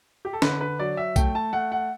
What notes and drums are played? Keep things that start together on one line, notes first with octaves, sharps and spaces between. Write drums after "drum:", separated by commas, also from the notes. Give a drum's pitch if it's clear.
G4
A4
D3 B4, drum: snare
B4
F#3 D5
E5
A3 G5, drum: kick, tambourine
A5
A3 F#5
F#5